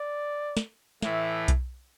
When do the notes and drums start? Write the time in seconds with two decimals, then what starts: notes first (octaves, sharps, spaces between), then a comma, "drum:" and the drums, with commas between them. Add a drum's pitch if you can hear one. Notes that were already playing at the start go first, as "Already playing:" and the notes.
Already playing: D5
0.57 drum: snare
1.02 A2 E3 A3 E5, drum: snare
1.48 drum: kick B1, hi-hat